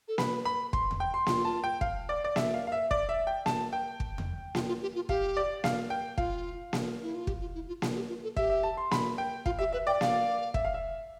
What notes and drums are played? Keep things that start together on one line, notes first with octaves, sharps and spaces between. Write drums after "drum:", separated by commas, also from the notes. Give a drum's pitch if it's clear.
A4
B4 B5, drum: snare A#3
B5
C6, drum: kick
drum: tom E2
G5
C6
F4 C6, drum: snare A#3
A5
G5
F5, drum: kick
D5
D5
E5, drum: snare A#3
F5
F5
E5
D5, drum: kick
E5
G5
A5, drum: snare A#3
G5
drum: kick
drum: tom E2
F4, drum: snare A#3
F4
G4
F4
G4 F5, drum: kick
D5
F5, drum: snare A#3
G5
F4 F5, drum: kick
drum: snare A#3
E4
F4
G4, drum: kick
F4
E4
F4
F4, drum: snare A#3
G4
F4
A4
G4 E5, drum: kick
E5
A5
C6
B5, drum: snare A#3
G5
F4 F5, drum: kick
G4 E5
B4 E5
D5 G5
F5, drum: snare A#3
E5, drum: kick
F5
E5